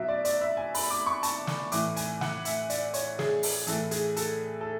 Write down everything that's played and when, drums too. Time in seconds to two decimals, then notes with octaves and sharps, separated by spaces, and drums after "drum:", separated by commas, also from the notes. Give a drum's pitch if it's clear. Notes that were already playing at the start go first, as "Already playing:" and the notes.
Already playing: B2 F#3 E5
0.08 D5
0.25 D5, drum: hi-hat
0.41 E5
0.57 G#5
0.75 B5, drum: open hi-hat
0.90 D6
1.06 C#6
1.23 A5, drum: hi-hat
1.47 drum: snare
1.72 A2 E3 D6, drum: hi-hat
1.96 G#5, drum: hi-hat
2.21 F#5, drum: snare
2.45 E5, drum: hi-hat
2.70 D5, drum: hi-hat
2.94 C#5, drum: hi-hat
3.19 G#4, drum: snare
3.43 drum: open hi-hat
3.67 A2 E3 A4, drum: hi-hat
3.91 G#4, drum: hi-hat
4.16 A4, drum: hi-hat
4.61 A4